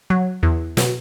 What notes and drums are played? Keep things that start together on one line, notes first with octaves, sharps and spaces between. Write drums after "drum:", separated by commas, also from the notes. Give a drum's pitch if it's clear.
F#3
E2
B2, drum: snare